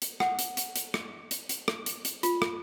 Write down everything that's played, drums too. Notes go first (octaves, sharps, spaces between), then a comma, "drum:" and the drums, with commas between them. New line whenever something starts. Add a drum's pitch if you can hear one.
drum: hi-hat
F#5, drum: rim click
drum: hi-hat
drum: hi-hat
drum: hi-hat
drum: rim click
drum: hi-hat
drum: hi-hat
drum: rim click
drum: hi-hat
drum: hi-hat
F4, drum: hi-hat
drum: rim click